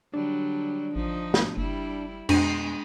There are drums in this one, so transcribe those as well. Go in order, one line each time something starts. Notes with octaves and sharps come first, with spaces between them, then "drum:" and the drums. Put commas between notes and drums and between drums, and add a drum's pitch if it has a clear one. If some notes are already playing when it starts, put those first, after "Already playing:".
D3 F#3 G3 D4
A1 F3 D#4
drum: snare
F#1 G3 E4
F2 B2 G#3 D4 D#7, drum: cymbal